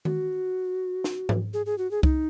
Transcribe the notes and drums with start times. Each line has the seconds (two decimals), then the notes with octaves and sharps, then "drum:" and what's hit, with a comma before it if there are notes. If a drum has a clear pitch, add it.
0.05 F#4, drum: tom D#3
1.04 drum: snare
1.29 drum: tom G#2
1.53 G#4
1.66 G#4
1.78 F#4
1.91 G#4
2.03 D#4, drum: kick C2